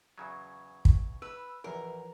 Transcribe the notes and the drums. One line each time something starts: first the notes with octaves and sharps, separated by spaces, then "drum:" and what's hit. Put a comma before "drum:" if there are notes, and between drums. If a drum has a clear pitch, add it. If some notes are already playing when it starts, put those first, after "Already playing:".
E2 C#3 F#3 C#6 G#6
drum: kick
B4 E6
A1 E2 E3 F3 A#4 B4